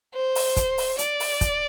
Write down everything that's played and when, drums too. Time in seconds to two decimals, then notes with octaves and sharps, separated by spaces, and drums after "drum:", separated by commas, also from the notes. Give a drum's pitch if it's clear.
0.14 C5
0.35 drum: open hi-hat
0.57 drum: kick, hi-hat
0.78 drum: open hi-hat
0.99 D5, drum: hi-hat
1.20 drum: open hi-hat
1.41 drum: kick, hi-hat